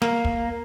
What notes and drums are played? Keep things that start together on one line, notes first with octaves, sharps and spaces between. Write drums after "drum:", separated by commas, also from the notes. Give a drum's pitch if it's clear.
A#3, drum: snare
drum: kick